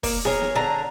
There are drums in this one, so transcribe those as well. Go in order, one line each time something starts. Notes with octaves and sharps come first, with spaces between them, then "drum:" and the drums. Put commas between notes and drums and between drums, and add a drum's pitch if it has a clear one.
A#3, drum: kick, open hi-hat
G#4 A#4 C#5, drum: snare
drum: snare
D3 A#5